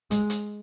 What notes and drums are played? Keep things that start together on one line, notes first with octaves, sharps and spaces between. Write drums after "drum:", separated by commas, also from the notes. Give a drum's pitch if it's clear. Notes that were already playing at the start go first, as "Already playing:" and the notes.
G#3, drum: hi-hat
drum: hi-hat